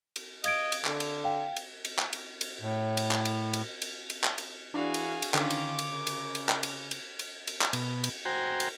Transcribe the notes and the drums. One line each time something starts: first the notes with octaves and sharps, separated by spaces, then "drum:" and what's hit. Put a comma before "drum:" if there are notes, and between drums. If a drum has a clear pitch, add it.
drum: cymbal
D#5 F5 G#6 D7, drum: cymbal
drum: cymbal
D3, drum: clap
drum: cymbal
F5 G5
drum: cymbal
drum: cymbal
drum: clap
drum: cymbal
drum: cymbal
A2
drum: cymbal
drum: clap
drum: cymbal
drum: cymbal
drum: cymbal
drum: cymbal
drum: clap
drum: cymbal
E3 D4 F#4 G#4 F5 G#5
drum: cymbal
drum: cymbal
D3 D#3 C#4 F4 D6, drum: clap
drum: cymbal
drum: cymbal
C#3 A#4
drum: cymbal
drum: cymbal
drum: clap
drum: cymbal
drum: cymbal
drum: cymbal
drum: cymbal
drum: clap
B2, drum: cymbal
drum: cymbal
F#4 C5 G5 G#5 A#5
drum: cymbal